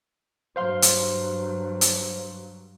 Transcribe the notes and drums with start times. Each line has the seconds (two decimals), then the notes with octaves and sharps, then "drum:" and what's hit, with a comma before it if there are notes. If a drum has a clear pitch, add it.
0.56 G2 F#3 C5 F5 C6
0.82 drum: hi-hat
1.81 drum: hi-hat